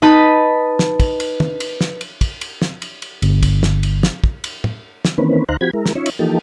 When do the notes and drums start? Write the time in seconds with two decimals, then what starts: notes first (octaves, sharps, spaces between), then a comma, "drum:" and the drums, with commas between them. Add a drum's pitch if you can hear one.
0.02 D#4 B4 D#5 A5 B5
0.79 drum: snare
1.00 drum: kick, cymbal
1.20 drum: cymbal
1.40 drum: tom
1.60 drum: cymbal
1.81 drum: snare
2.01 drum: cymbal
2.21 drum: kick, cymbal
2.41 drum: cymbal
2.62 drum: snare
2.82 drum: cymbal
3.02 drum: cymbal
3.22 G1, drum: cymbal
3.43 drum: kick, cymbal
3.63 drum: snare
3.83 drum: cymbal
4.03 drum: snare
4.24 drum: kick
4.44 drum: cymbal
4.64 drum: tom
5.05 drum: snare
5.18 D#3 E3 A#3 C4 C#4 B4
5.49 D2 D#4 C5 F5 A#5 F#6
5.61 F3 C4 F#4 G4 B5 G#6
5.73 G#3 E4 A#4
5.86 drum: snare
5.95 C#4 D#4 F4 C#5 E5
6.06 drum: cymbal
6.19 E3 F3 A#3 D#4 G4 A4